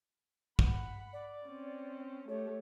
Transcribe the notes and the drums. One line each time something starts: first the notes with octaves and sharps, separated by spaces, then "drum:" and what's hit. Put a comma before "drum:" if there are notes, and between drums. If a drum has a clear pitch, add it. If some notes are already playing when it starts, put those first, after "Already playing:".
F#5 B5, drum: kick
D5
C4 C#4
A3 G4 C#5